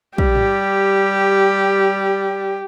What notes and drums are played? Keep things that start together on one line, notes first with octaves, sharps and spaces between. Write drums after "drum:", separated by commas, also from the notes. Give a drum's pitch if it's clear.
G3 G4, drum: kick
drum: tom G#2